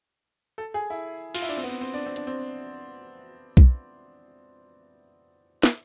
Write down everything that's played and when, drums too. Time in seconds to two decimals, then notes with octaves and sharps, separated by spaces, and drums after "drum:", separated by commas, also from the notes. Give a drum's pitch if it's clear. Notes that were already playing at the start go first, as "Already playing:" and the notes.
0.58 A4
0.74 G#4
0.90 E4
1.34 F4, drum: cymbal
1.42 E4
1.49 D4
1.57 C4
1.63 B3
1.69 C4
1.81 C4
1.94 D4
2.06 C4
2.16 D4, drum: hi-hat
2.27 C4
3.57 drum: kick B1
5.63 drum: snare